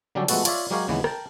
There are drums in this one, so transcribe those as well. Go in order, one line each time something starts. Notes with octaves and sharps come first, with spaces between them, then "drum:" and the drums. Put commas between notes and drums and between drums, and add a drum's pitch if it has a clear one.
D3 F#3 G3 C#4 G4 A4
F3 G#3 A3 B3 F#4 A4, drum: cymbal
F4 C#5 D5 E5 F5, drum: cymbal
F#3 G#3 G4 A#4 C#5 F5
D#2 C#3 E3 G#3 B3
A#4 G5 A5, drum: rim click